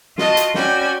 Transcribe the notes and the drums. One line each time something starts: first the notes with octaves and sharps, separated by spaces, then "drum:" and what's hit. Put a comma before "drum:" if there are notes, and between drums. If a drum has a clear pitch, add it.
F4 F#4 D#5 A5, drum: snare
drum: hi-hat
C#4 F#4 D5 G5 G#5 B5, drum: snare